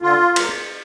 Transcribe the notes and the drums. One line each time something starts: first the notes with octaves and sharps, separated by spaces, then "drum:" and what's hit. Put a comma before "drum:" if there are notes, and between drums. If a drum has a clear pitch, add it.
D3 F4
F#3 A#3, drum: cymbal